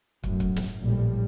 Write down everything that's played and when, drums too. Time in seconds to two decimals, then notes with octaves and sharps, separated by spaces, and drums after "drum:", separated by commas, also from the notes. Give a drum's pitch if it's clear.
0.24 F#2 A2, drum: kick
0.40 drum: kick
0.57 drum: snare
0.79 A#1 A2 G3